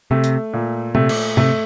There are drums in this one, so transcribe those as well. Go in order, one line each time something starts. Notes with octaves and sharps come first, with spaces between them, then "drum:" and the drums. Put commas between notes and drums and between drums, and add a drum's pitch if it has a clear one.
C3 A3
drum: hi-hat
A#2
C3 A3, drum: tom A#2
drum: cymbal
C3 A3, drum: tom G#2